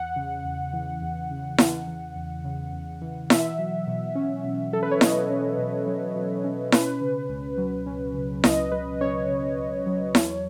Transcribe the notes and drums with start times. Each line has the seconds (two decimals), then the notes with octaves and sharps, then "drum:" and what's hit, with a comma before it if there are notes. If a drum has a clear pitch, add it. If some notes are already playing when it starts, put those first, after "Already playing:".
Already playing: E2 F#5
0.16 C#3
0.45 E2
0.73 E3
1.02 E2
1.31 C#3
1.58 E2, drum: snare E4
1.87 E3
2.16 E2
2.45 C#3
2.73 E2
3.01 E3
3.30 B2 E5, drum: snare E4
3.59 F#3
3.87 B2
4.15 C#4
4.45 B2
4.73 F#3 A4
4.83 B4
4.91 C#5
5.01 B2 D#5, drum: snare E4
5.30 C#4
5.58 B2
5.87 F#3
6.16 B2
6.44 C#4
6.72 C#4 B4, drum: snare E4
7.01 C#3
7.29 C#2
7.58 F#3
7.86 C#4
8.15 C#3
8.44 C#2 D#5, drum: snare E4
8.72 F#3 B4
9.01 C#4 C#5
9.29 C#3
9.58 C#2
9.86 F#3
10.15 E2, drum: snare E4